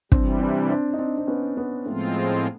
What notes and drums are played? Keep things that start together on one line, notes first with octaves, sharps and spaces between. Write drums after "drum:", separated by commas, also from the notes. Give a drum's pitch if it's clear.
C3 E3 G3 C4 D4, drum: kick
C4 D4
C4 D4
D#4
C4 D4
C4
B3 C#4
B3 C#4
A2 F3 G#3 A3 B3 C4 F4